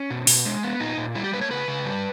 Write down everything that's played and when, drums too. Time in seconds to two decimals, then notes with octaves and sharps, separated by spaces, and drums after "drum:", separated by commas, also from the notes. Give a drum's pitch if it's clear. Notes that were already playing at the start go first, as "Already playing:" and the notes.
Already playing: C#4
0.11 B2
0.27 B2, drum: open hi-hat
0.45 G#3
0.63 B3
0.81 A#2 D#4
0.98 A#2
1.15 G3 E4
1.24 G4
1.33 A#3 B4
1.41 C#5
1.50 C#3 B4
1.68 C#3
1.85 G3